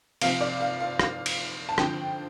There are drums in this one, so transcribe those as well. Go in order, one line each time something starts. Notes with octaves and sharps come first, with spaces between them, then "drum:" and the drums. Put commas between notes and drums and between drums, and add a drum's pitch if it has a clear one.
C3 F3 C4 F5, drum: cymbal
D5
F5
F5
F5, drum: rim click
drum: cymbal
A5
D3 F3 C4 G5, drum: rim click